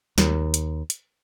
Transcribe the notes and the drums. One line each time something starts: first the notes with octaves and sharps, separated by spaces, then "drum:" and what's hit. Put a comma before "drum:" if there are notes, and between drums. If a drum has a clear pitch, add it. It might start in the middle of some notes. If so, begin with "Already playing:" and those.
D#2, drum: snare
drum: hi-hat
drum: hi-hat